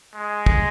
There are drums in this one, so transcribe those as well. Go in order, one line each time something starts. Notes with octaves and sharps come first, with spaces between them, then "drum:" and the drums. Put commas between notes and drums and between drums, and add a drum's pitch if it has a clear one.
G#3
drum: kick